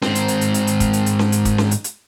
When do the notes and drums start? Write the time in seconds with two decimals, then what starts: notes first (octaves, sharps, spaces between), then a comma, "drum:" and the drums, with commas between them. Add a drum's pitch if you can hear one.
0.02 G#2 C4, drum: snare C#4
0.15 drum: hi-hat
0.28 drum: hi-hat
0.41 drum: hi-hat
0.54 drum: hi-hat
0.67 drum: hi-hat
0.80 drum: kick, hi-hat
0.93 drum: hi-hat
1.06 drum: hi-hat
1.19 drum: snare C#4
1.32 drum: hi-hat
1.45 drum: kick, hi-hat
1.58 drum: snare C#4
1.71 drum: hi-hat
1.84 drum: hi-hat